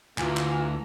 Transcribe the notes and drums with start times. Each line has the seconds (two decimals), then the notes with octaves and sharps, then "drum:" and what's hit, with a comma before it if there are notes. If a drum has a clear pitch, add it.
0.18 D2 E3 F4 G#5 A#5, drum: clap
0.37 drum: clap